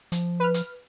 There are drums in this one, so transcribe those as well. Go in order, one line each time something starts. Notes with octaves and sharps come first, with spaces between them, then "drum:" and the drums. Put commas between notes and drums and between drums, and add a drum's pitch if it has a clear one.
F3, drum: hi-hat
B4 F6
drum: hi-hat